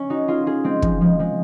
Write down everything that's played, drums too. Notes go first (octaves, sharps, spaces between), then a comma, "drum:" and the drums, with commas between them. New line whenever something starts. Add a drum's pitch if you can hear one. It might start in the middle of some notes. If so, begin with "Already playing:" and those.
Already playing: C#4
D#4 F#4
F4 G#4
F4 G#4
G#3 C4
F3 G#3, drum: kick
F3 G#3
F3 G#3